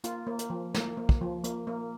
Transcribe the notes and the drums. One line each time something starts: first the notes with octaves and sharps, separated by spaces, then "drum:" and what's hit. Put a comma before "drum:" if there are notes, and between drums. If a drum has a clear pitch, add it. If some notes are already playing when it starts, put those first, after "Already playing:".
A#3 F4, drum: hi-hat
A#3
drum: hi-hat
F3
A#3, drum: snare
A#3
drum: kick
F3
A#3, drum: hi-hat
A#3